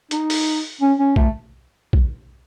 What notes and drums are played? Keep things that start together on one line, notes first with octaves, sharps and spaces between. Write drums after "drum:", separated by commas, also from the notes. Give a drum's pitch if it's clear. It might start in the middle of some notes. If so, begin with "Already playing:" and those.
D#4, drum: hi-hat
drum: open hi-hat
C#4
C#4
A3, drum: kick
drum: kick